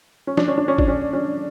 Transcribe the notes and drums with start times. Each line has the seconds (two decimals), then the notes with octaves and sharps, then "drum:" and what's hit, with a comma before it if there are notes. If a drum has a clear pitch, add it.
0.27 C#4
0.37 D4, drum: snare
0.48 C#4
0.58 D4
0.68 C#4
0.78 D4, drum: kick
0.88 C#4
1.13 C#4